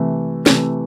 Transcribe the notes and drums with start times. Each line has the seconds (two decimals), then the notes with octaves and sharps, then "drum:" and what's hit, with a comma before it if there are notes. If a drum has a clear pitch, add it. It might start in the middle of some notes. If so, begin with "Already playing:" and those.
Already playing: C3 E3 A3
0.46 C3 E3 A3, drum: snare